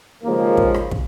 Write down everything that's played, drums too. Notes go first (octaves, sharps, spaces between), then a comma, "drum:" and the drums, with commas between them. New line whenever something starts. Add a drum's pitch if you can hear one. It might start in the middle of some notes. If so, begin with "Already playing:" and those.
D#2 C#3 F3 G#3 A#3
drum: kick
drum: rim click
drum: kick